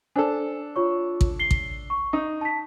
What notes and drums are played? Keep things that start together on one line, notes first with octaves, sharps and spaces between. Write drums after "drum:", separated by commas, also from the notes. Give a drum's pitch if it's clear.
D4 A4 C5 G#5
F4 C#5 C#6
drum: kick A1
C7 G7
drum: kick A1
C#6
D#4
A5 B6